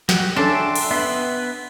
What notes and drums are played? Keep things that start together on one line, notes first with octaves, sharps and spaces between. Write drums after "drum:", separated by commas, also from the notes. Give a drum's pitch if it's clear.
F#4 G4, drum: snare
C#4 D4 A4 E5 G5 C6
drum: cymbal
B3 B4 E5 C6